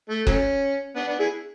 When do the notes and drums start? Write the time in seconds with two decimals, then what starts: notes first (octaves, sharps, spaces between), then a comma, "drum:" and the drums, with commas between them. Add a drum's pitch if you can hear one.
0.09 A3
0.27 F#3 A3 C#4, drum: kick F#1
0.96 B3 D4
1.08 B3 D4
1.19 E4 G#4